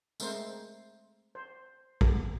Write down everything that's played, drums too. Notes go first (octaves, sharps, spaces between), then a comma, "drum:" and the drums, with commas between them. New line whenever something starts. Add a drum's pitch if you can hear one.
G#3 A3 C4 A#4 C5, drum: tambourine
C5
drum: kick